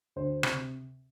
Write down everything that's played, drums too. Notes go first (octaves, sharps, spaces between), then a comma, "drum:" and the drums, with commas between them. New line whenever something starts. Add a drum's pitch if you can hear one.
D2 C5
C3, drum: rim click